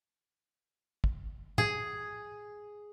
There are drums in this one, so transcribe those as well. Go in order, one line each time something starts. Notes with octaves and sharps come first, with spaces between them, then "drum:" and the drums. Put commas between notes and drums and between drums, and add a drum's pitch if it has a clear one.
drum: kick
G#4, drum: tom